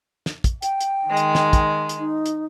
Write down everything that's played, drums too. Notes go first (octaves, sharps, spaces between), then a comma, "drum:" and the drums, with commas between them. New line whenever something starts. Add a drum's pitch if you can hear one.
drum: snare
drum: kick, hi-hat
G5, drum: hi-hat
drum: hi-hat
D#3 G#3
drum: hi-hat
drum: snare
drum: kick, hi-hat
drum: hi-hat
D#4
drum: hi-hat